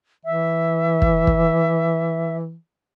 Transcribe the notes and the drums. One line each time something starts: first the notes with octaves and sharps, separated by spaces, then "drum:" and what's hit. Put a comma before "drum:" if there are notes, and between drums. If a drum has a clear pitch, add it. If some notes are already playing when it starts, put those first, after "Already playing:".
E3 E5
drum: kick
drum: kick